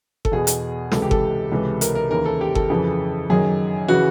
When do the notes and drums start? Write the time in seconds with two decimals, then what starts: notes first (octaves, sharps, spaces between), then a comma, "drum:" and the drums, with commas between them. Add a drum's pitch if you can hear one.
0.25 A4, drum: kick G1
0.32 E2 B2 G#4
0.47 drum: hi-hat
0.92 C#2 C3 E3 A4, drum: snare
1.02 G4
1.11 A4, drum: kick G1
1.52 C#2 C3 E3
1.81 A#4, drum: hi-hat
1.95 A#4
2.11 D#2 C#3 E3 A#4
2.26 A4
2.41 G4
2.55 A4, drum: kick G1
2.70 F2 C#3 E3
3.30 F#2 D#3 G#4
3.88 C#3 E3 F#4